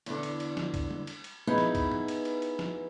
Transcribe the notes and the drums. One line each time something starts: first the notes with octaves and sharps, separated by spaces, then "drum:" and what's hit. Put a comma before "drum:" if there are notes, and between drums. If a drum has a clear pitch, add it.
E2 D3, drum: cymbal
drum: cymbal
drum: cymbal
drum: snare
drum: kick, cymbal
drum: tom
drum: cymbal
drum: cymbal
B3 D#4 E4 G#4 B4
drum: snare
drum: kick, cymbal
drum: tom
drum: cymbal
drum: cymbal
drum: cymbal
drum: snare